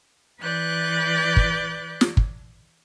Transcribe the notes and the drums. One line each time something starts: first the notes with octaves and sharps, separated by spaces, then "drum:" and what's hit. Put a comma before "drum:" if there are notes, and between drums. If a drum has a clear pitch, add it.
E3 B4 D5 F#6 G6
drum: kick
drum: snare
drum: kick